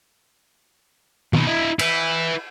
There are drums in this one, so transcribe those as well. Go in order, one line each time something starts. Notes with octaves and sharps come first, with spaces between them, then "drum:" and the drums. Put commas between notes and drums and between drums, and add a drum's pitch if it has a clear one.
B2 D#4, drum: tom D#3
E4 D#5
E4 B4, drum: cymbal